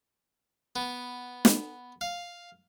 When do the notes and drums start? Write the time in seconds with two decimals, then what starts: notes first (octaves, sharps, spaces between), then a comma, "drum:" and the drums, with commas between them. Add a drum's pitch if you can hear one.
0.76 B3
1.45 drum: snare
2.01 F5